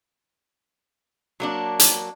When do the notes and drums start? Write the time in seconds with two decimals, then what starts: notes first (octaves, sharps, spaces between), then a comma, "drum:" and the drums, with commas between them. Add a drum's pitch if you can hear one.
1.40 F#3 A#3 D4
1.80 drum: hi-hat